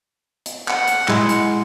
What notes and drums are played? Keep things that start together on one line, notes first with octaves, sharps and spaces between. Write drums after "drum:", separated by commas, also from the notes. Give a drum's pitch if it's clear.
drum: hi-hat
F#5, drum: clap
drum: hi-hat
G#3 E4, drum: clap
drum: hi-hat